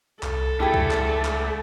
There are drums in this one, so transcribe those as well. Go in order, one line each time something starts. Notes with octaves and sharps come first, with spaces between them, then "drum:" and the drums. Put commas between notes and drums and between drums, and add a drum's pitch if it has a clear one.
C2 A4, drum: clap
C#2 A3 D4 E4 G4 G#4
drum: kick
drum: clap
drum: clap